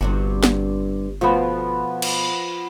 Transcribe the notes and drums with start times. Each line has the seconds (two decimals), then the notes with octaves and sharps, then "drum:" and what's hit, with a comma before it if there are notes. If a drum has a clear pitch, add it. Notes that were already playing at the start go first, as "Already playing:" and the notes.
0.01 G1 G2 C3 F#4
0.43 drum: snare
1.21 B2 F3 A3 B3
2.02 drum: cymbal